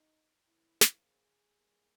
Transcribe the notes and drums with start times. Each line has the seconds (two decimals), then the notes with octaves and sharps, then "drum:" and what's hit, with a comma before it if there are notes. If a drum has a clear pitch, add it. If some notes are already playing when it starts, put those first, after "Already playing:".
Already playing: D#4
0.46 C#3 F3 A#3 E4
0.81 drum: snare
1.02 G#4
1.56 D#3 G3 A#3